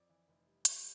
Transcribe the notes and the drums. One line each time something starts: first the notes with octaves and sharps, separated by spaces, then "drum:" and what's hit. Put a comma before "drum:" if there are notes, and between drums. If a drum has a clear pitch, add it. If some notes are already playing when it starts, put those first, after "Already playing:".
Already playing: F2 D5
E3
F1
G3
G3, drum: hi-hat